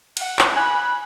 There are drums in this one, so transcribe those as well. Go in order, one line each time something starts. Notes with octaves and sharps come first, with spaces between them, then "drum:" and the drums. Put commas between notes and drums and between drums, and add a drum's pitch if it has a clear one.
F#5, drum: cymbal
drum: clap
G#5 B5 F#6